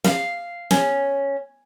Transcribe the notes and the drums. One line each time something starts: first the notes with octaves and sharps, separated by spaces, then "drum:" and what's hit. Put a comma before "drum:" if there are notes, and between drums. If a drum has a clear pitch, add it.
F5, drum: snare
C#4, drum: snare